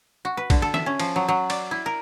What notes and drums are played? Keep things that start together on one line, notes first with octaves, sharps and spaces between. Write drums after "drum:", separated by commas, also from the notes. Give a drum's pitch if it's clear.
F#4
B4
D3, drum: kick A#1, cymbal
A4
E5, drum: snare
C#4
F3, drum: cymbal
F#3
F#3
D5, drum: cymbal
E4
A#4